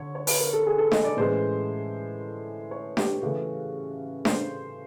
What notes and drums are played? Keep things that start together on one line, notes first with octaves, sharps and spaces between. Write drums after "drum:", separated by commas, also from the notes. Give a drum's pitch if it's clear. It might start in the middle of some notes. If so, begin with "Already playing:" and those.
Already playing: D3 C#5
C#5
B4, drum: open hi-hat
A#4
A4
G#4
A4
D#5, drum: snare D4
D5
A2 E3 G#3 C#4 C5
C#5
G4, drum: snare D4
C#3 E3 A3 C#4 F#4
C5, drum: snare D4